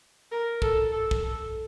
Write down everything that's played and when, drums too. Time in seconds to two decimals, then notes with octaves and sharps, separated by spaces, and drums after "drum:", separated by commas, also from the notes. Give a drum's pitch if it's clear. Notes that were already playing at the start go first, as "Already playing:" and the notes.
0.32 A#4
0.62 A4, drum: kick
0.92 A4
1.11 drum: kick
1.22 A4